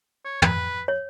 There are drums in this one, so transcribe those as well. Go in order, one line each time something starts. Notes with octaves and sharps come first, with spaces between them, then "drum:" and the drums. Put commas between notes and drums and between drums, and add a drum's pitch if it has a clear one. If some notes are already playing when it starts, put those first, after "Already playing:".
C#5
B4, drum: tom
C#5